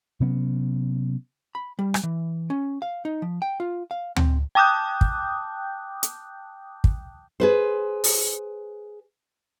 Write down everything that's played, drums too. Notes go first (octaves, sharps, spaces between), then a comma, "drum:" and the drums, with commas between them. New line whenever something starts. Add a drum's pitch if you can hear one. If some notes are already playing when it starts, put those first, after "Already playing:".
C3 F#3 B3 C#4
B5
G3
drum: rim click
E3
C#4
F5
D#4
F3
G5
F4
F5
C4, drum: tom D2
G5 A5 D6 D#6 F#6 G6
drum: kick
drum: hi-hat
drum: kick
G#4 B4 C5
drum: open hi-hat